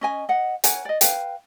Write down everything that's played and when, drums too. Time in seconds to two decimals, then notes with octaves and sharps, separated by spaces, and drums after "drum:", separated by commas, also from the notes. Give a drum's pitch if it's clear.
0.01 C#4 D#5 G#5
0.29 D#5 F#5
0.64 A#4 C#5 F#5 G#5, drum: hi-hat
0.85 D5 D#5
1.01 B4 F5 G5, drum: hi-hat